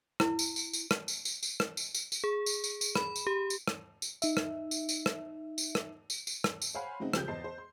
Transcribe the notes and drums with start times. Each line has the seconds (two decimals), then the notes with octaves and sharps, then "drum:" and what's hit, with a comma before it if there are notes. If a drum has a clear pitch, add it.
0.20 E4, drum: rim click
0.39 drum: tambourine
0.56 drum: tambourine
0.73 drum: tambourine
0.91 drum: rim click
1.08 drum: tambourine
1.25 drum: tambourine
1.43 drum: tambourine
1.60 drum: rim click
1.77 drum: tambourine
1.95 drum: tambourine
2.12 drum: tambourine
2.24 G#4
2.46 drum: tambourine
2.64 drum: tambourine
2.81 drum: tambourine
2.95 B5, drum: rim click
3.16 drum: tambourine
3.27 G4
3.50 drum: tambourine
3.68 drum: rim click
4.02 drum: tambourine
4.22 D#4 E5, drum: tambourine
4.37 drum: rim click
4.71 drum: tambourine
4.89 drum: tambourine
5.06 drum: rim click
5.58 drum: tambourine
5.75 drum: rim click
6.10 drum: tambourine
6.27 drum: tambourine
6.44 drum: rim click
6.62 drum: tambourine
6.74 C5 C#5 F5 F#5 G#5 B5
7.00 C#3 F#3 A3 C4 D#4 F#4
7.14 C#2 F3 G4 G6, drum: rim click
7.28 E2 B3 C5 D#5 A5 C7
7.44 C5
7.58 C6